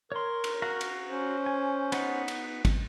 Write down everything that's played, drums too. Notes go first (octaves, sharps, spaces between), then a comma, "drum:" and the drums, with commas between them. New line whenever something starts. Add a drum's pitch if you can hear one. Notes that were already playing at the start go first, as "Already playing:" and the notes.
A#4 C#5 C6
drum: cymbal
F#4 F5 A#5
drum: cymbal
C#4 C5
G#5
B3 D#4 F#5, drum: cymbal
drum: cymbal
drum: kick, cymbal